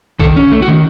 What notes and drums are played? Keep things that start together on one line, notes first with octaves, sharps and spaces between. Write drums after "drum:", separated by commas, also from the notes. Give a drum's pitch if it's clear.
D#3 A4, drum: kick
C#4
A3
F#4
D#3